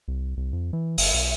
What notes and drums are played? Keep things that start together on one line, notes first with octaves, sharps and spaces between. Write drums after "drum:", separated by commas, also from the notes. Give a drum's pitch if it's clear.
C2
C2
F2
E3
G1, drum: open hi-hat
B1